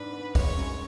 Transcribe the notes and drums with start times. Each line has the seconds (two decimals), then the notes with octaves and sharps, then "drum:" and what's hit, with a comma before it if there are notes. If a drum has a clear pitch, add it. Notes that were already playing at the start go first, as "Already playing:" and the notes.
Already playing: G#2 D4 B4
0.13 B3
0.35 G#3 C#5, drum: kick, open hi-hat
0.57 F#2